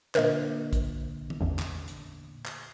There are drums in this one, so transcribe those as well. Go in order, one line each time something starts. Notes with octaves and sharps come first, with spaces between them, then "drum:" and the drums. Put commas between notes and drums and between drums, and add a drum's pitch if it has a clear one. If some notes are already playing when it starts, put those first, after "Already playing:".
A#2 D3 A#4 C5 D#5, drum: clap
drum: kick A1, hi-hat
drum: tom D#3
A1 E2
drum: clap
drum: hi-hat
drum: clap